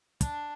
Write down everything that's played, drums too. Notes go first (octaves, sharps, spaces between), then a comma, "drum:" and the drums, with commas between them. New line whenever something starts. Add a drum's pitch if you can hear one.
D4, drum: kick, hi-hat